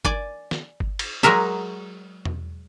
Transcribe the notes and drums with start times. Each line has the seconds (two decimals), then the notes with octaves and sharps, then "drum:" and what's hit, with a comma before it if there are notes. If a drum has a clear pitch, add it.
0.05 D5 G#5, drum: kick G1
0.51 drum: snare
0.80 drum: kick G1
0.99 drum: cymbal
1.23 F#3 G#3 G#4 A#4 E5, drum: snare
2.25 drum: tom E2